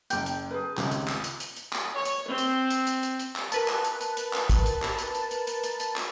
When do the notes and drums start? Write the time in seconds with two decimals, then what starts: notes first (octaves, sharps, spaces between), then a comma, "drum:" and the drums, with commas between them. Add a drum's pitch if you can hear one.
0.10 F#1 G5 D6 G6, drum: hi-hat
0.26 drum: hi-hat
0.50 G#4 B4
0.77 G#1 C#2 G4 C#5, drum: clap
0.91 drum: hi-hat
1.08 drum: clap
1.24 drum: hi-hat
1.40 drum: hi-hat
1.57 drum: hi-hat
1.73 drum: clap
1.94 C#5
2.05 drum: hi-hat
2.28 C4
2.38 drum: hi-hat
2.70 drum: hi-hat
2.87 drum: hi-hat
3.03 drum: hi-hat
3.19 drum: hi-hat
3.36 drum: clap
3.52 A#4 B4 A5, drum: hi-hat
3.68 drum: clap
3.84 drum: hi-hat
4.01 drum: hi-hat
4.17 drum: hi-hat
4.33 drum: clap
4.50 drum: kick, hi-hat
4.66 drum: hi-hat
4.82 drum: clap
4.98 drum: hi-hat
5.15 drum: hi-hat
5.31 drum: hi-hat
5.47 drum: hi-hat
5.63 drum: hi-hat
5.80 drum: hi-hat
5.96 drum: clap